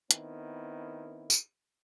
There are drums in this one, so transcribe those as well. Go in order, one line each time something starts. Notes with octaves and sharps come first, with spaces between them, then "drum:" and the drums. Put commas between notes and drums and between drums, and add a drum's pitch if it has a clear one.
D#3 B3 C4 E4, drum: hi-hat
drum: tambourine